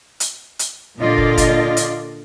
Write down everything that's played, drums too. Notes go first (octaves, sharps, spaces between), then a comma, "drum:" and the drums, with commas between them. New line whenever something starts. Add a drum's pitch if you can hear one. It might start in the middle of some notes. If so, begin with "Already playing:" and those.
drum: hi-hat
drum: hi-hat
A#2 D3 F4 D5 D#5
drum: kick
drum: kick, hi-hat
drum: hi-hat